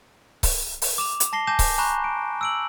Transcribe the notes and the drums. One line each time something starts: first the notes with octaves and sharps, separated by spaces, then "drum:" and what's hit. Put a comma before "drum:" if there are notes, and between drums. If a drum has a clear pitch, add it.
drum: kick C#1, open hi-hat
drum: open hi-hat
D6 E7 F7
drum: hi-hat
A5 A#6 C7 G7
G#5 A5 D6 G6 A#6 E7
drum: kick C#1, open hi-hat
G#5 A#5 B5 C#6 F#6 E7
D7
E6 D7 F#7